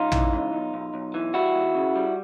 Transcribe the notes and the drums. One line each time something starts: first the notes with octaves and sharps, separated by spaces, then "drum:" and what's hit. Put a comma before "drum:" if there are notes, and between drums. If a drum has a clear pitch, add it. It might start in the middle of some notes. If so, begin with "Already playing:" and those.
Already playing: C#2 D#4 F4
E3, drum: tom
C#2
B1
B1
B1
E3
G3 E4 F#4
D#2
C#3
G3